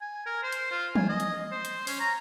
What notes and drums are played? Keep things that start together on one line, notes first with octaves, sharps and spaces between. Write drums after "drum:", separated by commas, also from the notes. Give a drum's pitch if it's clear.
G#5
A#4
C5
drum: hi-hat
F4
G#5, drum: tom
D#5
drum: hi-hat
C5
drum: hi-hat
C#4, drum: open hi-hat
A#5